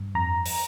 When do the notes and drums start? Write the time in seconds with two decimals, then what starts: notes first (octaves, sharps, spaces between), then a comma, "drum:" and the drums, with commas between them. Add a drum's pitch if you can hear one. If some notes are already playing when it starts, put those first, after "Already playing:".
Already playing: G2
0.15 F2 A#5
0.46 drum: open hi-hat